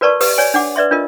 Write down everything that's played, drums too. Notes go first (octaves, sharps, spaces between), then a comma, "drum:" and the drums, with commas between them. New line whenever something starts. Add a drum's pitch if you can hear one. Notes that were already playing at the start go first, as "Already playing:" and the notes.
F#4 A#4 B4 D5 A5 C#6
G4 B4 D#6, drum: open hi-hat
C#5 D5 G#5
D4 F#5 D6
B4 D5 E5 C6
D4 F4 A#4 D#5